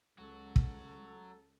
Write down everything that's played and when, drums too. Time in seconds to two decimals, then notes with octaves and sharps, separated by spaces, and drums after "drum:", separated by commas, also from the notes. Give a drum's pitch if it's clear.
0.18 C#2 F#3 F#4 A4
0.56 drum: kick